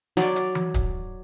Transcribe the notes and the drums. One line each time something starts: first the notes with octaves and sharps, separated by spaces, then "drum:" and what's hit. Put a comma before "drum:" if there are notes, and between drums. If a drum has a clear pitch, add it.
F#3 D5, drum: snare
drum: hi-hat
drum: tom E3
drum: kick, hi-hat